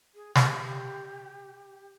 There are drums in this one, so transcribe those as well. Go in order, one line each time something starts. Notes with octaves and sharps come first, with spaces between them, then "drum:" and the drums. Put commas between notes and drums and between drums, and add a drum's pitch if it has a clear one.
G#4
G4, drum: snare